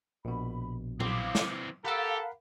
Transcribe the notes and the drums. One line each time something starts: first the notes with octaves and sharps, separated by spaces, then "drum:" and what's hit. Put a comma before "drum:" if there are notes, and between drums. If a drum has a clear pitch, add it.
A#1 B2 B5
E3 C4 F5 D6 D#6, drum: tom A#2
drum: snare
G4 A4 A#4 F5 F#5 B5